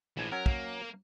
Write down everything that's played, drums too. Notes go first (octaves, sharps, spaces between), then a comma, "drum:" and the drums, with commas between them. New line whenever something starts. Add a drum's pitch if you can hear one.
A#1 A2 E3 G#5
F#3 C#4 A#4 F#5
A#3, drum: kick